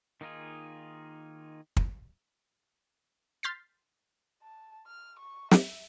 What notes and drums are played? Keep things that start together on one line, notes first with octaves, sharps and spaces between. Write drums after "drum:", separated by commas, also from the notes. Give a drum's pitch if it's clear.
D#3 A#3 D#4 F4 G#4
drum: kick
C6 F6 G6 A6 B6 C7
A5
F6
C#6
E5, drum: snare